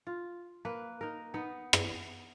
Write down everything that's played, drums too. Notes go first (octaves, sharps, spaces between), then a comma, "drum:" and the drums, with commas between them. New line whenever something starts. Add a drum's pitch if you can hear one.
F4
A#3 B4
D#4 A#4
B3 D#4
drum: rim click